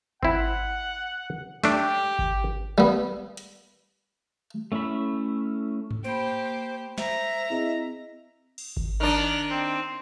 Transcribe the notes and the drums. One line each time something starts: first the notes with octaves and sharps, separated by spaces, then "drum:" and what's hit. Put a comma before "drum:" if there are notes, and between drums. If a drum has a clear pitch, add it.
C4 E4 F#5, drum: kick G#1
A3 D4 G4, drum: snare
drum: kick G#1
G3 B3
drum: hi-hat
A3 C#4 E4 E5 B5
drum: tom G#2
A#3 G4 C5 B5 D7
C5 E5 A#5, drum: snare
C4 E4 G#4 D#5
drum: cymbal
drum: kick G#1
D#3 D4 F6 F#6
C4